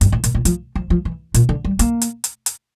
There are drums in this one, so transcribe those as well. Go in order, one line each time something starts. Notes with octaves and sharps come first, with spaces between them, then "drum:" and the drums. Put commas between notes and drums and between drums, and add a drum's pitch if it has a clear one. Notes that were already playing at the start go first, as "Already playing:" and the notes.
G2, drum: hi-hat
A2
A#2, drum: hi-hat
A#2
F3, drum: hi-hat
F3
F3
E3
A#2, drum: hi-hat
D3
G3
A#3, drum: hi-hat
drum: hi-hat
drum: hi-hat
drum: hi-hat